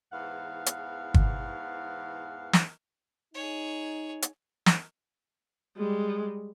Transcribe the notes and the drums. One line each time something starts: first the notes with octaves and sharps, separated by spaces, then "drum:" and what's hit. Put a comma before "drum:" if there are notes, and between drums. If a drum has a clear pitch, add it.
E2 G#2 E3 G#4 F5 F#5
drum: hi-hat
drum: kick
drum: snare
D#4 G#4 C#5
drum: hi-hat
drum: snare
G3 G#3